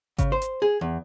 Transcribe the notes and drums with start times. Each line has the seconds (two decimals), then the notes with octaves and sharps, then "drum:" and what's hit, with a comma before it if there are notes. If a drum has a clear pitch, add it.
0.18 C#3, drum: kick G#1, hi-hat
0.32 C5
0.42 drum: hi-hat
0.62 G#4
0.81 E2